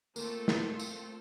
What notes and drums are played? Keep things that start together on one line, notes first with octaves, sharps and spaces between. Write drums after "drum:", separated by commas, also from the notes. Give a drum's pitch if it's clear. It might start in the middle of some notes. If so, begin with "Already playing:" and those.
A3 A#3 C4 F4 A4, drum: tambourine
drum: snare
drum: tambourine